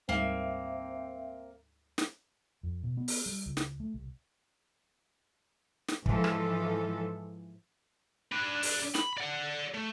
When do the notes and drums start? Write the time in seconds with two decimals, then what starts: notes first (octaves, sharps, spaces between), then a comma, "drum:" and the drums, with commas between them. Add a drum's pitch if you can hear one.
0.09 D2 G#2 G3 A#3 C4 E5 F5
1.98 drum: snare
2.63 F2
2.84 B2
2.97 B3
3.08 drum: open hi-hat
3.26 G3
3.46 C#2
3.57 drum: snare
3.80 A3
3.94 C2
5.88 drum: snare
6.06 G#2 E3 F3 A4, drum: kick
6.24 drum: rim click
8.32 D4 B4
8.63 drum: open hi-hat
8.95 B5, drum: snare
9.18 D5 F#5
9.74 A3